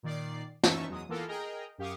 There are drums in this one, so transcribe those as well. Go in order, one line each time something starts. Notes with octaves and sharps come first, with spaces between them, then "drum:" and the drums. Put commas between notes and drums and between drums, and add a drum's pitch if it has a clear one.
A#2 D#3 D5 C7
E3 C#4 D#4 E5 A5 C#6, drum: snare
E2 F#3 G#3 D#6
E3 A#3 B3 F4 A4 A#4
G#4 A#4 D#5 G5 A#5
F#2 G4 F5 C#6 D#6